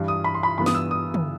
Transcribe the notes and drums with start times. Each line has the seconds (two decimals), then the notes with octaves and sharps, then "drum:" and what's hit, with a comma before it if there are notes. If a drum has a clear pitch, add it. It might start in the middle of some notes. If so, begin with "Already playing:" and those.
Already playing: G2 E3 G3
0.08 D#6
0.24 B5
0.34 C6
0.43 B5
0.58 G2 E3 B3 B5
0.66 D#6, drum: snare
0.75 E6
0.91 D#6
1.14 drum: tom